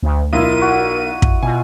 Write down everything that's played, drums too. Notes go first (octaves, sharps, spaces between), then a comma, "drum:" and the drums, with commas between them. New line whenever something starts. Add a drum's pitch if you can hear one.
D2
B1 E4 F4 A#4 D#5 D#7
F#4 D5
drum: kick
B2 F4 G#5